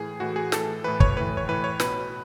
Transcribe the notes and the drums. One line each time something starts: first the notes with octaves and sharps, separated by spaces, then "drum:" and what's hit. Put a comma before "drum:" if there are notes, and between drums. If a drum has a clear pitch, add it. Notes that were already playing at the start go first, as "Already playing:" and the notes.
Already playing: A2 E3 G#4
A2 E3 F#4
G#4
A2 E3 A4, drum: snare
A2 E3 B4
C#5, drum: kick
A2 E3 B4
C#5
A2 E3 B4
C#5
B2 B4, drum: snare